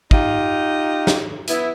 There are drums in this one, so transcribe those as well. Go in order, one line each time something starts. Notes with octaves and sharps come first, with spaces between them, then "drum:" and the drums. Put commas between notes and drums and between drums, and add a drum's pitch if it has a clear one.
D#4 F4 G4, drum: kick
drum: snare
B3 E4, drum: hi-hat